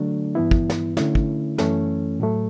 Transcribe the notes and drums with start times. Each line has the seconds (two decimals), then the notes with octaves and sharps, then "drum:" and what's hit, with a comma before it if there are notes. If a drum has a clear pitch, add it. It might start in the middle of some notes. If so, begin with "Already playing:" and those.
Already playing: D3 F#3 A3 D4
0.35 G2 E3 B3 E4
0.51 drum: kick
0.70 drum: snare
0.97 D3 A3 C#4 E4, drum: snare
1.15 drum: kick
1.58 F#2 E3 A3 C#4, drum: snare
2.20 A2 F#3 A3